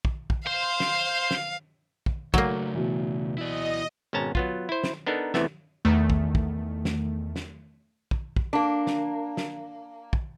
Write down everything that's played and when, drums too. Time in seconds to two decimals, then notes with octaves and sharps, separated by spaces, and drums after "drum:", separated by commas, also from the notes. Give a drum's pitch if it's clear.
0.05 drum: kick
0.30 drum: kick
0.47 C5 F5 C6
0.80 drum: snare
1.31 drum: snare
2.06 drum: kick
2.34 C#3 F#3 A3 A#3, drum: kick
2.75 B2 E3
3.38 E4 D5 D#5
4.13 G#1 B2 C#4 A5 A#5
4.35 F#3 B3 F4, drum: kick
4.69 E4 C5
4.84 drum: snare
5.07 B3 D4 D#4 A4 A#4
5.34 E2 C3 E3 A3 B3 E5, drum: snare
5.85 E2 D#3 A3
6.10 drum: kick
6.35 drum: kick
6.85 drum: snare
7.36 drum: snare
8.11 drum: kick
8.36 drum: kick
8.53 A#3 D4
8.87 drum: snare
9.37 drum: snare
10.13 drum: kick